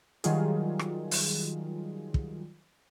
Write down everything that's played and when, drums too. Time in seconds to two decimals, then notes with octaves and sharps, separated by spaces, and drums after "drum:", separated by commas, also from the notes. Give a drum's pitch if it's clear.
0.24 D#3 F#3 G3 F4 G#4, drum: hi-hat
0.79 drum: rim click
1.11 drum: open hi-hat
2.14 drum: kick